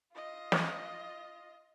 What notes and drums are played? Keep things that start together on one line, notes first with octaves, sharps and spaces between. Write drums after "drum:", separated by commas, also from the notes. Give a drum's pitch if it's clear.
F4 D#5
drum: snare